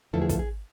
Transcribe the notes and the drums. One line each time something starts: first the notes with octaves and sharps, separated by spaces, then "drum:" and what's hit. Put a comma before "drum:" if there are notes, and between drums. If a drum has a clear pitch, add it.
E2 D3 F3 A3 E4 A4
G#4
A4, drum: kick, hi-hat
G#4